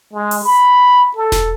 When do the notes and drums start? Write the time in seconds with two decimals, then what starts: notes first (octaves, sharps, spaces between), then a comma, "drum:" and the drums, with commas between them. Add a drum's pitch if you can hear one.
0.14 G#3
0.31 drum: open hi-hat
0.43 B5
1.17 A4
1.32 drum: snare E1